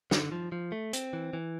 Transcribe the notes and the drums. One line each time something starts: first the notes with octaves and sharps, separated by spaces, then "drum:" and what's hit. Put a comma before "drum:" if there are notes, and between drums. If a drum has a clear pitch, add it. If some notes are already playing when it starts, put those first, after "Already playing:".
D3, drum: snare
F3
F3
A3
C4, drum: hi-hat
E3
E3